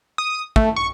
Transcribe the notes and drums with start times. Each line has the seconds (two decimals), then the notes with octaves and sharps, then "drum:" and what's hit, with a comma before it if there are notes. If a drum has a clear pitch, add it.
0.18 D#6
0.56 A3, drum: kick
0.76 C#6